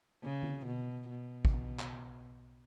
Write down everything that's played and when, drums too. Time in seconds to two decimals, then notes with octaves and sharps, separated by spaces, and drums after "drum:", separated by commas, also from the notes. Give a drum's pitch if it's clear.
0.24 C#3
0.43 drum: tom D3
0.66 B2
1.10 B2
1.45 drum: kick
1.79 drum: clap